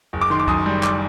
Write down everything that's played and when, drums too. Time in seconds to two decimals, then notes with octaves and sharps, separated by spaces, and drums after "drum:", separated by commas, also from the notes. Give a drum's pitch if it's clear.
0.13 F#1
0.21 D6
0.30 D#3 C6
0.40 D6
0.48 F#2 D#6, drum: kick C#2
0.66 G3
0.83 D6, drum: clap